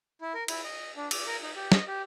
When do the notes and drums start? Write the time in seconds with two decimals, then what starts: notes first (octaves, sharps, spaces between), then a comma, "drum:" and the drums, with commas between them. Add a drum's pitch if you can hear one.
0.21 E4
0.34 A#4
0.48 E4, drum: cymbal
0.64 D#5
0.96 D4
1.11 D5, drum: cymbal
1.27 A#4
1.42 D#4
1.56 G4
1.72 D#5, drum: snare
1.88 G4